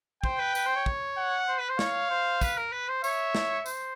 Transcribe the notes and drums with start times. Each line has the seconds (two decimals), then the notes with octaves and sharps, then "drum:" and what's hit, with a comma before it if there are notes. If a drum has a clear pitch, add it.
0.24 C5 G5, drum: kick
0.39 B4
0.55 B4, drum: tambourine
0.66 C5
0.76 C#5
0.86 drum: kick
1.17 F#5
1.48 C5
1.58 B4
1.69 C5
1.79 C#5 F5, drum: snare
2.10 C5
2.41 B4, drum: kick, tambourine
2.57 A#4
2.72 B4
2.88 C5
3.04 C#5 E5, drum: tambourine
3.35 drum: snare
3.66 C5, drum: tambourine